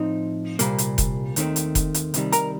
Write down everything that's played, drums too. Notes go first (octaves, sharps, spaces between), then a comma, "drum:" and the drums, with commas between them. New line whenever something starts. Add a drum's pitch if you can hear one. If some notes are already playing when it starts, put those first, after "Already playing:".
Already playing: A2 F3 C4 D#4
C2 A#2 G3 A#3, drum: hi-hat
drum: hi-hat
drum: kick F1, hi-hat
D#2 D#3 A3 C4, drum: hi-hat
drum: hi-hat
drum: kick F1, hi-hat
drum: hi-hat
C2 C3 D#3 G3, drum: hi-hat
A#4 A#5, drum: hi-hat